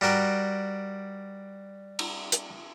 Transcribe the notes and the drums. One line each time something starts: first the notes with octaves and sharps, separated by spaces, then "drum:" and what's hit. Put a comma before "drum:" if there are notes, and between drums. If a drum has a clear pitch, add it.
G3 F#4 A#4 G5
drum: cymbal
drum: hi-hat